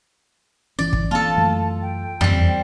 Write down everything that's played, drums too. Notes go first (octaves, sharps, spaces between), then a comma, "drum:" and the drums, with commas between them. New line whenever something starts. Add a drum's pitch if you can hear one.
G1 E3 C#4 D5
drum: kick
E3 A#3 C4 F4 A4 A5
F#2 E3 A3
G5
E2 G3 C4, drum: tom